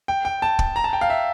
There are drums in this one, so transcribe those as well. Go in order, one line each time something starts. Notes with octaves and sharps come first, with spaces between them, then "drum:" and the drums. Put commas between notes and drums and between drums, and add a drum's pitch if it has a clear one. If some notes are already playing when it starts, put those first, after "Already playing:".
G5
G5
A5
drum: kick
A#5
A5
G5
F5
E5